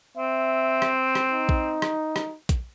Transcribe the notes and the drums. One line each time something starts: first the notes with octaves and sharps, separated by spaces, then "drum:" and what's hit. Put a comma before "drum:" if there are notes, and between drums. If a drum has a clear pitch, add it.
C4 E5
drum: rim click
drum: rim click
D#4
drum: kick A#1
drum: rim click
drum: rim click
drum: kick A#1, hi-hat